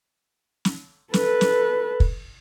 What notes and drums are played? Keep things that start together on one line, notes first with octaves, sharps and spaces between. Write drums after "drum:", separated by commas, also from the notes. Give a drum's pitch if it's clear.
drum: snare
A4 B4, drum: snare
drum: snare
drum: kick